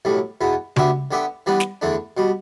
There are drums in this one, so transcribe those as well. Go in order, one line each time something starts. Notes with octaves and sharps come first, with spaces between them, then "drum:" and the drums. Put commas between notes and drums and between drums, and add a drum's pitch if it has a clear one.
B1 A2 G3
E2 B2 B3
D2 D3 B3 G4 E5, drum: tom C#3
D3 B3 G4 E5
E3 G3 B3 D4
drum: snare
E2 D3 A3 D4
B2 G3